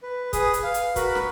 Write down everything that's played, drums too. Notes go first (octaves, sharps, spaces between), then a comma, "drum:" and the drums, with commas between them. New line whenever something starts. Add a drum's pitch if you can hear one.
B4
G#4 B4 D#6, drum: kick, hi-hat
drum: hi-hat
F5
drum: hi-hat
F#4 A#4 B4 B5, drum: kick, hi-hat
drum: snare